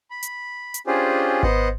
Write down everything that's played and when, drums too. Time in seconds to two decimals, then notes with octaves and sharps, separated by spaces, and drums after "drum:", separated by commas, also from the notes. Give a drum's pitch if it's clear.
0.11 B5
0.23 drum: hi-hat
0.74 drum: hi-hat
0.87 C#4 D4 F4 G4 G#4 C5
1.43 B3 C5 D#5 F#5 F#6, drum: kick G#1